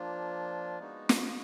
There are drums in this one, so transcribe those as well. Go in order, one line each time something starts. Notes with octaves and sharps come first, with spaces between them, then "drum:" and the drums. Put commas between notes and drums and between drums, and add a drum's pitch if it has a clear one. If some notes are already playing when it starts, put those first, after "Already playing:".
Already playing: F3 A#3 D4 F4
G#3 B3 D#4 F#4
drum: snare